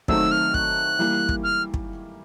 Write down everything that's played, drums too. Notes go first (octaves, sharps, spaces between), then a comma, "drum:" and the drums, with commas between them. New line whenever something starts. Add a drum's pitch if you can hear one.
D#3 F#3 A3 C4 D#4 E6, drum: kick
F6
F#6, drum: kick
E3 G3 A#3
drum: kick
F6
drum: kick